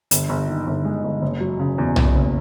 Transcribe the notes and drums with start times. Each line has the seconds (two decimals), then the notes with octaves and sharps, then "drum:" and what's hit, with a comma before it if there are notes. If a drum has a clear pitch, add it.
0.11 G1, drum: hi-hat
0.29 G1
0.48 D#3
0.67 G1
0.85 G#3
1.03 G1
1.22 F#1
1.40 F#3
1.59 C#3
1.78 E2
1.96 E2, drum: tom B1
2.15 F#1